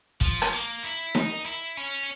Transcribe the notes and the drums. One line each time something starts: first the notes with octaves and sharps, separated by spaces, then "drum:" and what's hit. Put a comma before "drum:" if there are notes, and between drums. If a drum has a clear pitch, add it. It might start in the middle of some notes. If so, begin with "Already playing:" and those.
F3, drum: kick
drum: rim click
A#3
E4
D#4, drum: snare D#4
E4
C#4